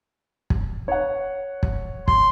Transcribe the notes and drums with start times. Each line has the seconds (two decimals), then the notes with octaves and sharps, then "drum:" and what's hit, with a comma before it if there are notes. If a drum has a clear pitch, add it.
0.50 drum: kick
0.88 C#5 F#5
1.63 drum: kick
2.08 C6, drum: kick